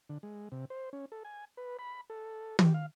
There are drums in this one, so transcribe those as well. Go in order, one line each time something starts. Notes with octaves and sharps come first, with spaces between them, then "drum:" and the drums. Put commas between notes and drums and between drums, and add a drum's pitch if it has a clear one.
D3
G#3
C3
C5
C#4
A4
G#5
B4
B5
A4
G4, drum: tom
F5